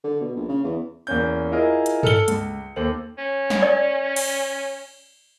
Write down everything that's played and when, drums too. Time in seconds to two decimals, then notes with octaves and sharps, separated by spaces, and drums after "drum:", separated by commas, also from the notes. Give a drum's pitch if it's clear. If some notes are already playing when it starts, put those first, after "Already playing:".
0.04 D3
0.21 B2
0.36 A#1
0.49 C#3
0.64 E2
1.07 E2 A#3 C#4 G6
1.52 E4 F4 G#4 A#4 D#5
1.86 drum: hi-hat
2.03 A4 F6 C#7 G7, drum: tom G2
2.28 C#2, drum: hi-hat
2.76 D#2 A4 C5 F#7
3.18 C#4
3.50 drum: snare
3.62 D5
4.16 drum: cymbal